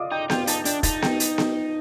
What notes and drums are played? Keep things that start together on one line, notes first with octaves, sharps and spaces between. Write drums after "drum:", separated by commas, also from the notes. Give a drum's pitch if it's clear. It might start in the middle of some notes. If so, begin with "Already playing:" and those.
Already playing: F4 D5 D#5 F5 D6 D#6
D#4 G5 G6
F4 G5 G6, drum: snare B3
D#4 A5 A6, drum: hi-hat
D4 G5 G6, drum: hi-hat
D#4 A5 A6, drum: kick, hi-hat
G5 G6, drum: snare B3
drum: hi-hat
drum: snare B3